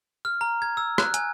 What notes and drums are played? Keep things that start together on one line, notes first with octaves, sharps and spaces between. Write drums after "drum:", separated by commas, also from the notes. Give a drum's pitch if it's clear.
F6
A#5
G#6
E6
F#6, drum: rim click
G#5, drum: hi-hat